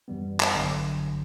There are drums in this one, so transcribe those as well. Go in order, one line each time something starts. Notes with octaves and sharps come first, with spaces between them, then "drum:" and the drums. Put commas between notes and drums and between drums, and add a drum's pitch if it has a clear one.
F#2 E3 G3 B3
drum: clap
A1 G2 D3 F#3